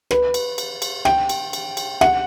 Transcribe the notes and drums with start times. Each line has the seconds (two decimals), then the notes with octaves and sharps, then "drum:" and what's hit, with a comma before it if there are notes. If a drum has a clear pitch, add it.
0.11 B4, drum: rim click
0.34 drum: cymbal
0.58 drum: cymbal
0.82 drum: cymbal
1.05 G5, drum: rim click
1.29 drum: cymbal
1.53 drum: cymbal
1.77 drum: cymbal
2.01 F#5, drum: rim click